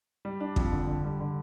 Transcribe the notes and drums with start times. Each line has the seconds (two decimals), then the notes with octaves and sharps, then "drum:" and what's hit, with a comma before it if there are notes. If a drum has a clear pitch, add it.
0.25 G3
0.40 D4
0.56 F2, drum: kick
0.72 D3
0.87 D3
1.04 G3
1.20 D3